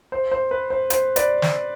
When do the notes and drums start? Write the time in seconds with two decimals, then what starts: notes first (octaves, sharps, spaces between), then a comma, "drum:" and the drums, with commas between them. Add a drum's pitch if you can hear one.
0.12 C5
0.32 C5
0.51 B4
0.70 C5
0.90 C5, drum: hi-hat
1.16 B4 D5, drum: hi-hat
1.42 drum: snare